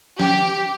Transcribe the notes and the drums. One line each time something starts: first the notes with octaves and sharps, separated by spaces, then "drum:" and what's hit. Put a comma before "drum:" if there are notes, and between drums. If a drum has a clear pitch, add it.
G4, drum: snare